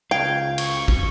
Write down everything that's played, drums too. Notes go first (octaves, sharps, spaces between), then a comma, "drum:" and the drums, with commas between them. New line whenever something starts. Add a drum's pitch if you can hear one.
C#2 F5 G5 G#6
C#6, drum: cymbal
drum: kick